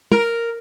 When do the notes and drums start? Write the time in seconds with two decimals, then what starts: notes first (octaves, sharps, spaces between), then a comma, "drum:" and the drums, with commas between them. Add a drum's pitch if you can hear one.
0.12 A#4, drum: tom